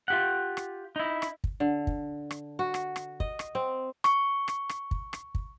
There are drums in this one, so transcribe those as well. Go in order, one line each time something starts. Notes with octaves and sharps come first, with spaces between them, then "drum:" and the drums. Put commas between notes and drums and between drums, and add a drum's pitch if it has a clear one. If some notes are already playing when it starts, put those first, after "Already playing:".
F4 G4 F#5
drum: rim click
D#4 E4
drum: rim click
drum: kick
D3
drum: kick
drum: rim click
F#4
drum: rim click
drum: rim click
D#5, drum: kick
drum: rim click
C4
C#6, drum: rim click
drum: rim click
drum: rim click
drum: kick
drum: rim click
drum: kick